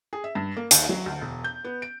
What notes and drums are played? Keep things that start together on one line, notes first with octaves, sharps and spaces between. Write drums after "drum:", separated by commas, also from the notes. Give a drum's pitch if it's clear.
G#4
E5
G2
A#3
D#2, drum: hi-hat
F#3
D2
E1
G6
B3
D7